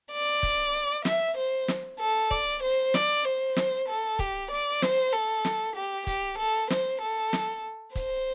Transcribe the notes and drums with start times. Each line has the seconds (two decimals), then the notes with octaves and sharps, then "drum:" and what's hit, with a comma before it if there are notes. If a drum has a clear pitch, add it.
0.12 D5
0.43 drum: kick, hi-hat
1.05 E5, drum: snare
1.37 C5
1.68 drum: snare
2.00 A4
2.31 D5, drum: kick
2.63 C5
2.94 D5, drum: snare
3.25 C5
3.56 drum: snare
3.88 A4
4.19 G4, drum: kick, hi-hat
4.51 D5
4.82 C5, drum: snare
5.13 A4
5.45 drum: snare
5.76 G4
6.07 G4, drum: kick, hi-hat
6.38 A4
6.70 C5, drum: snare
7.02 A4
7.33 drum: snare
7.95 C5, drum: kick, hi-hat